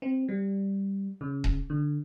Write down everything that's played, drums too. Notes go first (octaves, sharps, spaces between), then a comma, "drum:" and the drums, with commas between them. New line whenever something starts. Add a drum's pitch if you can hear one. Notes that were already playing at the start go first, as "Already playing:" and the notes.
C4
G3
C#3
drum: kick D#1
D3